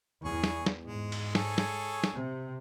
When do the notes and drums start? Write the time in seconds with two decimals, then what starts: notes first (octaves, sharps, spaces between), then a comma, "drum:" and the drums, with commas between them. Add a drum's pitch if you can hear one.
0.24 E2 G#4 C#6
0.44 drum: snare
0.66 drum: snare
0.84 G#2 G#3
1.12 drum: cymbal
1.35 G#4 A4 C#5, drum: snare
1.58 drum: snare
2.04 drum: snare
2.15 C3